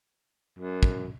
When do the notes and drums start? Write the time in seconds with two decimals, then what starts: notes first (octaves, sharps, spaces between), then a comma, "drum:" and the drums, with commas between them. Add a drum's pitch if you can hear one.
0.59 F#2
0.83 drum: kick